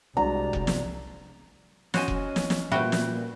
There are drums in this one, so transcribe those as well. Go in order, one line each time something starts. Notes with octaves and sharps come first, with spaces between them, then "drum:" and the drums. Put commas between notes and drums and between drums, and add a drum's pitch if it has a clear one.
C2 G#3 D4 F#4 D5 A#5
drum: kick F1
drum: snare
C#4 F#4 C5 C#5 D#5 G#5, drum: snare
drum: kick F1
drum: snare
drum: snare
A#2 G3 F#4 B4 C5 E5 G5
drum: snare